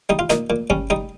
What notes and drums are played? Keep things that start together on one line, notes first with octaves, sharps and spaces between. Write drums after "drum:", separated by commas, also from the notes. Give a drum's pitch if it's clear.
G3 D#4
F4
A#2 D#4, drum: snare
A#2
G3 C#4, drum: kick G1
G3 D#4